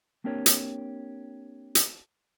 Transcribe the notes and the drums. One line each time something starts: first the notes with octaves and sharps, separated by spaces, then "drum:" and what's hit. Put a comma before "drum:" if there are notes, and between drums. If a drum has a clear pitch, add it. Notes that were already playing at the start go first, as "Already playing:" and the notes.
A#3 C4 D4 G4 A#4 C#5
drum: hi-hat
drum: hi-hat